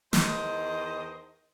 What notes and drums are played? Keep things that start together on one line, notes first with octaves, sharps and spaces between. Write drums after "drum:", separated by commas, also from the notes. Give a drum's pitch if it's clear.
E2 D#3 C5 D#5, drum: snare